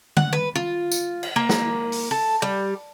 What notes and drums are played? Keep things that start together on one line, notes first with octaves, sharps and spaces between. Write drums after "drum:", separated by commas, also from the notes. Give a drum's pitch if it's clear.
F#5, drum: tom D3
B4
F4
drum: tambourine
drum: cymbal
A#3
drum: snare
drum: open hi-hat
A4
G3